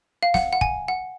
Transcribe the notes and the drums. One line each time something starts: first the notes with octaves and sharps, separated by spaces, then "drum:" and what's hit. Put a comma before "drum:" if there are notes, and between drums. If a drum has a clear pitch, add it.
F5
F#5, drum: snare
F#5
G#5, drum: kick
F#5